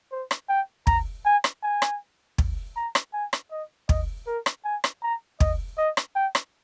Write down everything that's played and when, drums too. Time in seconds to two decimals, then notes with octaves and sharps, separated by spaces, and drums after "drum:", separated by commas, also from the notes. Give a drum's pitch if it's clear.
0.12 C5
0.31 drum: rim click
0.49 G5
0.87 A#5, drum: kick
1.25 G#5
1.44 drum: rim click
1.63 G#5
1.82 drum: rim click
2.38 drum: kick
2.77 A#5
2.95 drum: rim click
3.13 G#5
3.33 drum: rim click
3.52 D#5
3.89 D#5, drum: kick
4.27 A#4
4.46 drum: rim click
4.65 G#5
4.84 drum: rim click
5.03 A#5
5.40 D#5, drum: kick
5.78 D#5
5.97 drum: rim click
6.16 G5
6.35 drum: rim click